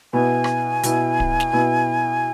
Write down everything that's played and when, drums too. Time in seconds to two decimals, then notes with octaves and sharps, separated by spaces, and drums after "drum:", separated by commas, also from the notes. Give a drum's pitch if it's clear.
0.13 B2 B3 E4 G#5
0.44 drum: rim click
0.83 B2 B3 E4, drum: hi-hat
1.20 drum: kick D1
1.40 drum: snare
1.53 B2 B3 E4